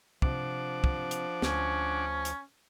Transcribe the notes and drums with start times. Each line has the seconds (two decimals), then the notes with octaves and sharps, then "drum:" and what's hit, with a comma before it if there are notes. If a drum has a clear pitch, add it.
0.22 C3 F3 D4 F#5 D6, drum: kick
0.84 drum: kick
1.11 drum: hi-hat
1.42 D2 C#4, drum: snare
2.25 drum: hi-hat